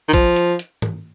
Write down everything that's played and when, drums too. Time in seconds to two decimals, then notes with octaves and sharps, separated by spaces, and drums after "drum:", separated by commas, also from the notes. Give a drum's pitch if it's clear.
0.09 D#3
0.13 F3, drum: kick A#1, hi-hat
0.36 drum: hi-hat
0.59 drum: hi-hat
0.82 drum: tom G#2